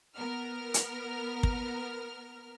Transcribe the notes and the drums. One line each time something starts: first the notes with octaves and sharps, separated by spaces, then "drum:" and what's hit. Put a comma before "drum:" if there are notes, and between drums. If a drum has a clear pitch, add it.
B3 A#4 F6
drum: hi-hat
drum: kick